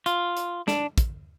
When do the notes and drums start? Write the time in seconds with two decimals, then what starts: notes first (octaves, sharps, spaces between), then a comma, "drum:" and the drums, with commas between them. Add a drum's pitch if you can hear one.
0.06 F4, drum: hi-hat
0.37 drum: hi-hat
0.68 D4, drum: snare
0.98 drum: kick, hi-hat